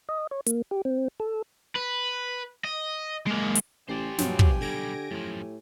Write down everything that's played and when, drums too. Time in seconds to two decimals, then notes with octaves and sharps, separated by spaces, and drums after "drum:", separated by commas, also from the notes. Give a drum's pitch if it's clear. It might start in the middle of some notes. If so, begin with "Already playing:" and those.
0.09 D#5
0.31 C#5
0.46 A#3, drum: hi-hat
0.71 G4
0.85 C4
1.20 A4
1.75 B4
2.64 D#5
3.27 G#3 A#3
3.55 drum: hi-hat
3.88 A1 G4 C5 D5 G#5
4.18 G2 B2 F3 F#3, drum: snare
4.39 drum: kick
4.61 B1 D3 G3 G#6 A#6 D7
5.11 F#2 A2 F3